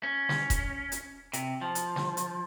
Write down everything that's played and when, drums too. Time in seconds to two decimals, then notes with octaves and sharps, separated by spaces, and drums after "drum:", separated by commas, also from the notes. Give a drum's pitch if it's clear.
0.03 C#4
0.29 drum: snare
0.50 drum: kick E1, hi-hat
0.92 drum: hi-hat
1.33 C3, drum: hi-hat
1.61 F3
1.75 drum: hi-hat
1.96 drum: snare
2.17 drum: hi-hat